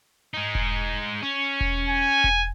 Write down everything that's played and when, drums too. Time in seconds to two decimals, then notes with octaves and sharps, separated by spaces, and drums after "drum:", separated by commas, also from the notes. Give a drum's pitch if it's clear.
0.34 G#3 D#4
0.55 drum: kick E1
1.23 C#4
1.61 drum: kick E1
1.89 G#5
2.24 drum: kick E1